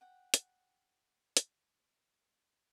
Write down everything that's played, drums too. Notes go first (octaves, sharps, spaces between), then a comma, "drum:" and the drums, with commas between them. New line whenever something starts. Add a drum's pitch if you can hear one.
F#5 G5
drum: hi-hat
drum: hi-hat